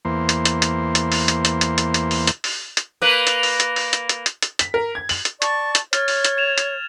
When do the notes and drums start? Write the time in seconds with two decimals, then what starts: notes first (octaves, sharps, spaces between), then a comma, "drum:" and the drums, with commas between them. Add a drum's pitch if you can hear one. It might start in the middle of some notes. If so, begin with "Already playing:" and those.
0.05 E2 A#3 C5
0.29 drum: hi-hat
0.45 drum: hi-hat
0.62 drum: hi-hat
0.95 drum: hi-hat
1.12 drum: open hi-hat
1.28 drum: hi-hat
1.45 drum: hi-hat
1.61 drum: hi-hat
1.78 drum: hi-hat
1.94 drum: hi-hat
2.11 drum: open hi-hat
2.27 drum: hi-hat
2.44 drum: open hi-hat
2.77 drum: hi-hat
3.02 A#3 B4
3.27 drum: hi-hat
3.43 drum: open hi-hat
3.60 drum: hi-hat
3.76 drum: open hi-hat
3.93 drum: hi-hat
4.09 drum: hi-hat
4.26 drum: hi-hat
4.43 drum: hi-hat
4.59 B6, drum: hi-hat
4.74 A#4
4.95 G#6
5.09 F#7, drum: open hi-hat
5.25 drum: hi-hat
5.42 D5 A5 C#6, drum: hi-hat
5.75 drum: hi-hat
5.93 C#5 F6 A6, drum: hi-hat
6.08 drum: open hi-hat
6.25 drum: hi-hat
6.37 G#6 E7 F7
6.58 drum: hi-hat